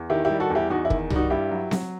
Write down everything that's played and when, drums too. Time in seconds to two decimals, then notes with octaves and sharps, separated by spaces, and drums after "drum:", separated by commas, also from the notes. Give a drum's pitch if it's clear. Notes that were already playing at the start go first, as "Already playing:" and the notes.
Already playing: E2
0.10 D#3 E4 G4
0.25 E4 G4
0.30 G3
0.40 F#4 A4
0.50 E2
0.55 E4 G4
0.70 E2 D#4 F#4
0.85 E4
0.90 D#3, drum: kick
1.10 G3, drum: tom C2
1.15 D#4 F#4
1.30 G2 E4 G4
1.51 F#3
1.71 F#3, drum: snare C4